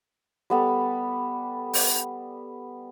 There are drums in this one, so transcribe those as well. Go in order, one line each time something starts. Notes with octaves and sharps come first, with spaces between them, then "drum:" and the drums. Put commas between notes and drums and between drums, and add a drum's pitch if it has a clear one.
G3 B3 A4
drum: open hi-hat